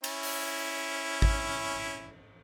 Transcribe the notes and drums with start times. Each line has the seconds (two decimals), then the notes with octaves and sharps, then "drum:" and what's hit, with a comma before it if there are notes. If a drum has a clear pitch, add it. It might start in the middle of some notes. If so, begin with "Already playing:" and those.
0.04 C#4 E4, drum: cymbal
0.23 drum: open hi-hat
1.22 drum: kick